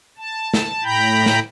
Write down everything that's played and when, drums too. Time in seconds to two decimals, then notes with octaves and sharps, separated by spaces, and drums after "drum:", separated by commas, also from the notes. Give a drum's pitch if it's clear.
0.17 A5
0.54 drum: snare
0.84 A2 G5 A#5 B5 G6
1.26 drum: snare